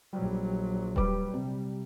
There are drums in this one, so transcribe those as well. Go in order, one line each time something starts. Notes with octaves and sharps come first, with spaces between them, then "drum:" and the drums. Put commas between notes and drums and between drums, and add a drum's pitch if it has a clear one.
A#1 F#3 G3
G3 B4 D6, drum: kick D#1
C3